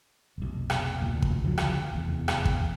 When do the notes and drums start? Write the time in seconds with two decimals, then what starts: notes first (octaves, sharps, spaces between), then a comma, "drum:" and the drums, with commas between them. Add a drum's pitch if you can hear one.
0.38 F1 B1
0.70 drum: rim click
1.02 F1 D2 A#2
1.22 drum: kick
1.44 C#2 D3 F3 F#3
1.58 drum: rim click
1.93 F1 E2
2.28 drum: rim click
2.45 drum: kick